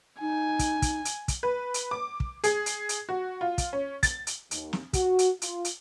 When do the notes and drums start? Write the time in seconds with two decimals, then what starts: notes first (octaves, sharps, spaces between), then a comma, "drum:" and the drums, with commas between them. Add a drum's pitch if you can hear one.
0.21 D#4 G#5
0.59 drum: kick, hi-hat
0.82 drum: kick, hi-hat
1.05 drum: hi-hat
1.28 drum: kick, hi-hat
1.43 B4
1.74 drum: hi-hat
1.91 D6
2.20 drum: kick
2.44 G#4, drum: hi-hat
2.66 drum: hi-hat
2.89 drum: hi-hat
3.09 F#4
3.41 F4
3.58 drum: kick, hi-hat
3.73 C#4
4.03 A6, drum: kick, hi-hat
4.27 drum: hi-hat
4.51 D#2, drum: hi-hat
4.73 drum: snare
4.93 F#4, drum: kick, hi-hat
5.19 drum: hi-hat
5.42 F4, drum: hi-hat
5.65 drum: hi-hat